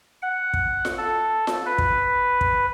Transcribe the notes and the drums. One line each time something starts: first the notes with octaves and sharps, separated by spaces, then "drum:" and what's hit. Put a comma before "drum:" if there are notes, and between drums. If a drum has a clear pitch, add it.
F#5
drum: kick
drum: snare F4
A4
drum: snare F4
B4
drum: kick
drum: kick